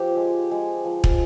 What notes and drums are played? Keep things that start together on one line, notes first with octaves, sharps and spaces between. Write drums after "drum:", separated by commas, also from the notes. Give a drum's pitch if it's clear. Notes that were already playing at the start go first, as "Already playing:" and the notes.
Already playing: F3 C4 G4 C5
G#3
G#3
F3
drum: kick